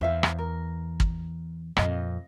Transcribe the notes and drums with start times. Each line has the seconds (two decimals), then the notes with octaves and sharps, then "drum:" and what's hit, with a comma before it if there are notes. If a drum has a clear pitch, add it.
0.01 E2 C5 E5 F5
0.23 drum: rim click
0.38 A#4
1.00 drum: kick
1.77 F2 A#2 D#5 F5, drum: rim click